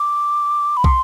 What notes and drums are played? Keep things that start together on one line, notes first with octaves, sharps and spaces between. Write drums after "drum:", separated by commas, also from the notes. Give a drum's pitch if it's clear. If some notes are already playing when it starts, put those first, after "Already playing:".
Already playing: D6
B5
C6, drum: kick